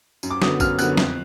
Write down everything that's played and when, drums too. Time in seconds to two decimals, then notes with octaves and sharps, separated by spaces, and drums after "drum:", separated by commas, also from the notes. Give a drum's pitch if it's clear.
0.23 F#2, drum: tambourine
0.30 D6
0.42 D3 F#3 B3 D#6, drum: snare
0.60 F#2 F6, drum: kick, tambourine
0.79 D3 F#3 B3 F#6, drum: tambourine
0.97 F2, drum: snare